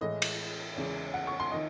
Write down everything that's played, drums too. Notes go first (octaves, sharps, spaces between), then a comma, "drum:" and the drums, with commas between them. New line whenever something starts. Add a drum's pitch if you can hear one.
A2 E3 G#3 D#5
drum: cymbal
E2 C#3 E3 G#3
F#5
C#6
C6
D#3 D#5